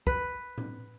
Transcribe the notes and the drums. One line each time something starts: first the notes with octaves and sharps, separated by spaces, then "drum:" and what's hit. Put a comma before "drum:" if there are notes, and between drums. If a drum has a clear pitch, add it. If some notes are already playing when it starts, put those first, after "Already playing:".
B4, drum: kick
drum: tom A2